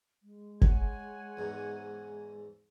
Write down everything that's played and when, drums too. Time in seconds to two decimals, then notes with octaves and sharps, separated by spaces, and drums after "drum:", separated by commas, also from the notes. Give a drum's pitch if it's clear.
0.23 G#3
0.61 C#5 F#5 G#5, drum: kick G1
1.37 E2 G#2